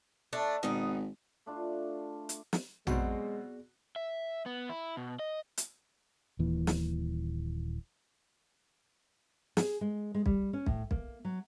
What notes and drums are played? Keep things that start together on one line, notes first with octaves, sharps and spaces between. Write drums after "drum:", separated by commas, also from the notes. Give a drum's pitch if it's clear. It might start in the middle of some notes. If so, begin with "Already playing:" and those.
A3 D4
G#1 B2 D#4
A3 D4 F4
drum: hi-hat
drum: snare
B2 F#3 G#3 B3 C4 F#4 G#4 D5, drum: tom A#1
E5
B3
E4
B2
D#5
drum: hi-hat
D#1 A#2 E3
drum: snare
G#4, drum: snare
G#3
G#3
G3, drum: kick B1
C#4
A2, drum: kick B1
A#3, drum: kick B1
F#3